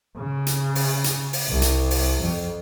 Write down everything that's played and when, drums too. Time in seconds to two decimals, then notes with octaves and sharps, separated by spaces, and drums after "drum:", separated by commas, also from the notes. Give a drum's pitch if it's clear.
0.18 C#3
0.47 drum: hi-hat
0.75 drum: open hi-hat
1.04 drum: hi-hat
1.33 drum: open hi-hat
1.49 C2
1.62 drum: hi-hat
1.91 drum: open hi-hat
2.23 F2